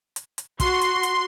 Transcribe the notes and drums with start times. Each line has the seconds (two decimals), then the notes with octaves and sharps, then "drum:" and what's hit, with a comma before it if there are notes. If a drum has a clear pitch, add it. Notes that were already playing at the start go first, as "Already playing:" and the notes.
0.16 drum: hi-hat
0.38 drum: hi-hat
0.60 F#4 C6, drum: kick, hi-hat
0.81 drum: hi-hat
1.03 drum: hi-hat